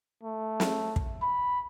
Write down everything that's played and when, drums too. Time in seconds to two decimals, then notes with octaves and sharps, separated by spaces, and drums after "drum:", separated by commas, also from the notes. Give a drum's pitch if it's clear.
0.23 A3
0.60 drum: snare
0.96 drum: kick
1.22 B5